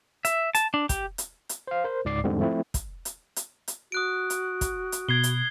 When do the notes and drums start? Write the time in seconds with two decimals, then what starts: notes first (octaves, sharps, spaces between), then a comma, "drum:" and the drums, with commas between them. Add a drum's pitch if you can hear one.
0.25 E5, drum: hi-hat
0.55 A5, drum: hi-hat
0.74 D4
0.89 G4, drum: kick, hi-hat
1.18 drum: hi-hat
1.49 drum: hi-hat
1.67 C5 F5
1.84 A#4 C5
2.05 C#2 G#2 D5 D6 C7
2.24 E2 G#2 D3 G3 G#3 C4
2.40 F3 A3 C4 E4
2.74 drum: kick, hi-hat
3.05 drum: hi-hat
3.36 drum: hi-hat
3.68 drum: hi-hat
3.92 F#4 D#6 F#6 D7
4.30 drum: hi-hat
4.61 drum: kick, hi-hat
4.92 drum: hi-hat
5.09 B2 G#6 C7 G7
5.23 drum: hi-hat